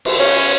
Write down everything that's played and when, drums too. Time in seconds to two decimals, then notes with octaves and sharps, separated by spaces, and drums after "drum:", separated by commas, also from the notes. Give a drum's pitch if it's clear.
0.05 drum: cymbal
0.19 C#4